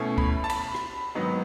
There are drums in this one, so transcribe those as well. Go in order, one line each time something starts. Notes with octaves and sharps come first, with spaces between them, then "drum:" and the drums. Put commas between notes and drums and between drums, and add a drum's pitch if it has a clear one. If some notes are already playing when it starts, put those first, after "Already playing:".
Already playing: B2 A3 C#4 E4
B5, drum: kick D2
A5
B5, drum: cymbal
drum: rim click
G#2 D#3 F#3 B3 D#4